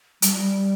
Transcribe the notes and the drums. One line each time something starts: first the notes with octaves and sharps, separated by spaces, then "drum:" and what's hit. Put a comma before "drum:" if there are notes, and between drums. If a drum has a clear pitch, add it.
G3, drum: hi-hat